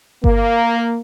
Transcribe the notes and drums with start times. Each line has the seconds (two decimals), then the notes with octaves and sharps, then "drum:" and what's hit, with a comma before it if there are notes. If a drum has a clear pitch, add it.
0.24 A#3, drum: kick G1